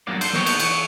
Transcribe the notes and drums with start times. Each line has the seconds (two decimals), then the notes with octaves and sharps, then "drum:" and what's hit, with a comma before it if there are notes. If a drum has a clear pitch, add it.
0.07 E2 G2 F#3 A#3 D5
0.21 A4 C5, drum: cymbal
0.33 A#3 B3 F#4 C#5 G5, drum: snare
0.46 drum: cymbal
0.59 E3 C#5, drum: cymbal